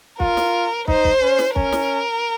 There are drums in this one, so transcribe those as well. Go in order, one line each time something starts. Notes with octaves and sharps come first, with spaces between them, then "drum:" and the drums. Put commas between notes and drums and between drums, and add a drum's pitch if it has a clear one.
F4 A#4, drum: kick
drum: snare
D#4 C5, drum: kick
drum: kick
C#4
drum: snare
C#4 A#4, drum: kick
drum: snare